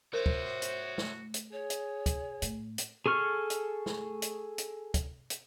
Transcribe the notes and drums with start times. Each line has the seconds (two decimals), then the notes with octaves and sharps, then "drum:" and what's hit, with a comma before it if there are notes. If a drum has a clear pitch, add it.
0.14 F#4 A#4 C5 C#5 E5
0.26 drum: kick
0.62 drum: hi-hat
0.98 drum: snare
1.34 drum: hi-hat
1.53 G#4 C#5
1.70 drum: hi-hat
2.06 drum: kick, hi-hat
2.42 A2, drum: hi-hat
2.78 drum: hi-hat
3.06 G#4 A4 C#6 F6
3.50 drum: hi-hat
3.86 drum: snare
4.22 drum: hi-hat
4.58 drum: hi-hat
4.94 drum: kick, hi-hat
5.30 drum: hi-hat